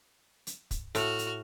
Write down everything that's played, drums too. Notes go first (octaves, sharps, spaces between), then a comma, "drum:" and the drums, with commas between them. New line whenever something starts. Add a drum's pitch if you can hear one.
drum: hi-hat
drum: kick, hi-hat
A2 F#4 F6, drum: hi-hat
drum: hi-hat